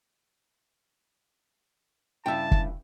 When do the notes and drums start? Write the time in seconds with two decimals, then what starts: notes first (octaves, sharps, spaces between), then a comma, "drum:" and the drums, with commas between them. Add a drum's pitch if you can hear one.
2.26 G2 C#3 E4 E5 G5 A5
2.51 drum: kick